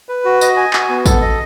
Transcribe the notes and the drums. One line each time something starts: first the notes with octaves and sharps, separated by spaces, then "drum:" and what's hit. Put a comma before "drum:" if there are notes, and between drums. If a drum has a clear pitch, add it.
B4
F#4
D#5, drum: tambourine
G#5
F#4, drum: clap
B3
A4, drum: kick, tambourine
D#5